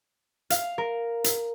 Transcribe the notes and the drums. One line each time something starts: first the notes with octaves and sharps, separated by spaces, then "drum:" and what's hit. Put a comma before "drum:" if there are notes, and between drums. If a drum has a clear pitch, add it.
F5, drum: hi-hat
A#4
drum: hi-hat